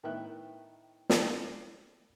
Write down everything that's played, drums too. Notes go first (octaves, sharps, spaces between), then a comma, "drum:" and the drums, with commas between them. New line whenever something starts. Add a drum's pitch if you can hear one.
A2 D#3 B3 E5 G5 F#6
drum: snare